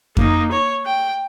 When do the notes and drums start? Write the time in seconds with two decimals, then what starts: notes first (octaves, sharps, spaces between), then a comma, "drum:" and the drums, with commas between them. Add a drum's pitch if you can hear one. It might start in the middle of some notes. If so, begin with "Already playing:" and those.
0.17 A#3 D#4, drum: kick F2
0.51 C#5
0.86 G5